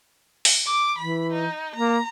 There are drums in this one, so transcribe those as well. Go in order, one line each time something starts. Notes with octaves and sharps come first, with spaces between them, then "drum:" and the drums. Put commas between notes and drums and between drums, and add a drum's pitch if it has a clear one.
drum: open hi-hat
D6
E3 B5
D#4
A#3 A#5